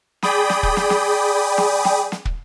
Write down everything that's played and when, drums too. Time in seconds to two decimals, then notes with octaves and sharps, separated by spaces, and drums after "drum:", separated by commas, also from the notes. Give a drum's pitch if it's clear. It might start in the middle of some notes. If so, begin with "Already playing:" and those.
0.23 G#4 D5 G5 B5 D#6, drum: snare
0.50 drum: snare
0.63 drum: kick
0.77 drum: snare
0.90 drum: snare
1.58 drum: snare
1.85 drum: snare
2.12 drum: snare
2.25 drum: kick